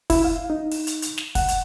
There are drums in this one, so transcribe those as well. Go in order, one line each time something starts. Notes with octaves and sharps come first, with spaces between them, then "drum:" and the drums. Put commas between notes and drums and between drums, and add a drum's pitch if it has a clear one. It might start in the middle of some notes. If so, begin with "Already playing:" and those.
E4, drum: kick, open hi-hat
F5
D#4
drum: open hi-hat
drum: hi-hat
drum: hi-hat
drum: snare
F#5, drum: kick, open hi-hat
drum: hi-hat